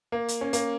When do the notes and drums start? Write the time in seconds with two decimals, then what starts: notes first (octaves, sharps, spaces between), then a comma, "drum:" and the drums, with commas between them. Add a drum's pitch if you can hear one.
0.12 A#3
0.28 drum: hi-hat
0.41 C#4
0.53 A#3, drum: hi-hat